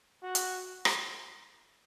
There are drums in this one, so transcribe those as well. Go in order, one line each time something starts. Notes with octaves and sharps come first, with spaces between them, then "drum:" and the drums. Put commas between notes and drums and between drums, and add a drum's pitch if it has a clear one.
F#4
drum: hi-hat
drum: rim click